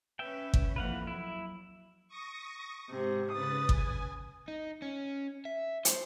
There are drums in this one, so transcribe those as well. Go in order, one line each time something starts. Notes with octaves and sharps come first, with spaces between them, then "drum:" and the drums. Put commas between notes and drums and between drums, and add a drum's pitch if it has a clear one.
C#4 B4 E5 G5
drum: kick G#1
F2 E3 A#3 B4 F5 F#5
F#3 E4
C#6 D#6 A#6
G#2 C3
C#3 B4 D#6 A6
G#5, drum: kick G#1
D#4
C#4
E5
C5, drum: hi-hat